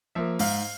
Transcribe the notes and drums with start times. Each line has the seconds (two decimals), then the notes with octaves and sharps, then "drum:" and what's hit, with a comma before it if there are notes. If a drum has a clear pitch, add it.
0.15 F3 A#3 E5
0.39 G#2 F5, drum: open hi-hat